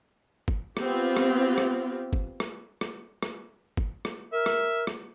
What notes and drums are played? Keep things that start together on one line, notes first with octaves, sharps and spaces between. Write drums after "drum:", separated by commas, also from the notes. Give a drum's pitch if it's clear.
drum: kick
B3 C4 F4 G4, drum: rim click
drum: rim click
drum: rim click
drum: kick
drum: rim click
drum: rim click
drum: rim click
drum: kick
drum: rim click
A#4 E5
drum: rim click
drum: rim click